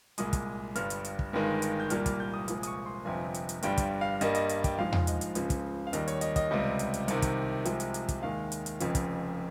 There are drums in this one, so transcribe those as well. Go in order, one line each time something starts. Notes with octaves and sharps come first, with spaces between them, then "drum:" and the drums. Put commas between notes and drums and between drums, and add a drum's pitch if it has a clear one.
C2 A#2 G#3 D#6, drum: hi-hat
drum: kick, hi-hat
G1 G2 G3 F6, drum: hi-hat
drum: hi-hat
drum: hi-hat
drum: kick
G1 G2 D#3 G#3
drum: hi-hat
G6
C2 A#2 G3 A#3 F6, drum: hi-hat
F6, drum: kick, hi-hat
G6
D#6
C2 A#2 F3 G#3, drum: hi-hat
D#6, drum: hi-hat
C#6
C6
G1 F2 C3 G#5
drum: hi-hat
drum: hi-hat
G1 G2 G3 G5, drum: hi-hat
drum: kick, hi-hat
F5
G2 G3 A#3 D#5, drum: hi-hat
D#5, drum: hi-hat
drum: hi-hat
G5, drum: kick, hi-hat
A#1 G#2 F3 G#3 F5
drum: tom E2
D#5, drum: hi-hat
drum: hi-hat
C#2 C#3 F3, drum: hi-hat
drum: kick, hi-hat
F5
D#2 D#3 G3 D#5, drum: hi-hat
C#5, drum: hi-hat
D#5, drum: hi-hat
D#5, drum: kick, hi-hat
C#2 C3 G3 D#5
drum: hi-hat
drum: hi-hat
C2 C3 D#3, drum: hi-hat
drum: kick, hi-hat
C2 C3 F3 G#3, drum: hi-hat
drum: hi-hat
drum: hi-hat
drum: kick, hi-hat
D#2 D#3 G#3 F5
drum: hi-hat
drum: hi-hat
F1 F2 C#3 F3, drum: hi-hat
drum: kick, hi-hat